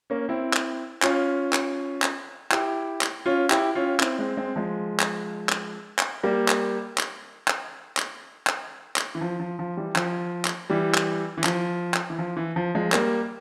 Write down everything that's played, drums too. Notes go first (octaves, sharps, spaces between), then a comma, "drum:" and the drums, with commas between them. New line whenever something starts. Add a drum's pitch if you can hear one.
A#3 C#4
C4 E4
drum: clap
C#4 F4, drum: clap
drum: clap
drum: clap
E4 G4, drum: clap
drum: clap
C#4 F4
E4 G4, drum: clap
C#4 F4
C4 E4, drum: clap
G#3 C4
G#3 C4
F3 G#3
drum: clap
drum: clap
drum: clap
G3 A#3
drum: clap
drum: clap
drum: clap
drum: clap
drum: clap
drum: clap
E3
F3
F3
F3
E3 G3
F3, drum: clap
drum: clap
E3 G3
drum: clap
E3
F3, drum: clap
drum: clap
E3
F3
E3
F3
F3 G#3
G3 A#3, drum: clap